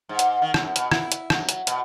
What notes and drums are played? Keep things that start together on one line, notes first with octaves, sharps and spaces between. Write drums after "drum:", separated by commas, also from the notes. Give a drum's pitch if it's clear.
G#2
drum: hi-hat
D#3
F#2, drum: rim click
B2, drum: hi-hat
E4, drum: rim click
drum: hi-hat
F#3, drum: rim click
drum: hi-hat
B2, drum: hi-hat